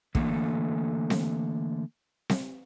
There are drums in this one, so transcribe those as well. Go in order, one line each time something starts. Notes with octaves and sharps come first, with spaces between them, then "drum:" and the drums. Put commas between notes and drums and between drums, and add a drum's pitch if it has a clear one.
D3 E3 A3 A#3, drum: kick
drum: snare C4
drum: snare C4